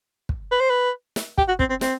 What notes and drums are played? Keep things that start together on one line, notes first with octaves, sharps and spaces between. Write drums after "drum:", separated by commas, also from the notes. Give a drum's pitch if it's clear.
drum: kick
B4
C5
B4
drum: snare
G4, drum: kick
F#4
C4, drum: kick
C4
C4, drum: snare